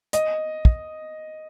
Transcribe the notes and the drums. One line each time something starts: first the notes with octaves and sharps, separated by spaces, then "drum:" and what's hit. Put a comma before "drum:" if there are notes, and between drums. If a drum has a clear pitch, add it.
D#5, drum: hi-hat
drum: kick